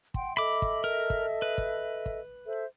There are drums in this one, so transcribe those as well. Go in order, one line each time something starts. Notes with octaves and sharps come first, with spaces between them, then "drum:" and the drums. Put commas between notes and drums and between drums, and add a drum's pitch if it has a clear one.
F#5 G5 C6, drum: kick
A4 D#5 E5 B5 D6
drum: kick
A#4
drum: kick
B4
drum: kick
drum: kick
A4 C5 E5